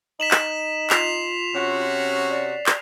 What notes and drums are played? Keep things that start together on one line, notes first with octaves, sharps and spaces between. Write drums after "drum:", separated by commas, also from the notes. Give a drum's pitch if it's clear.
D#4 B6 E7 F#7
drum: clap
F4 B6 C7 F7, drum: clap
C3 C#4 F#4
D5
drum: clap